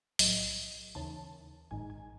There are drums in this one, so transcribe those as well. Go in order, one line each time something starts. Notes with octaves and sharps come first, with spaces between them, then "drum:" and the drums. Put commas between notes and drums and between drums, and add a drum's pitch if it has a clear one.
B1 A2 F#3 D#5, drum: open hi-hat
D#2 C#3 E3 A5
G#1 G#2 D#3 G#5
G#5